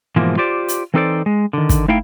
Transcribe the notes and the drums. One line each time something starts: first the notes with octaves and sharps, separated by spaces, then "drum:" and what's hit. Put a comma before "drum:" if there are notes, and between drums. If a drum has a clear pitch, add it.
G#2 B2 E3 F3 G#3 A#3
F4 G4 C5 D5
drum: hi-hat
E3 C4 D#4 A4 C5 D5
G#3
D3 D#3
drum: kick, hi-hat
A3 D#4 E4 F5 G5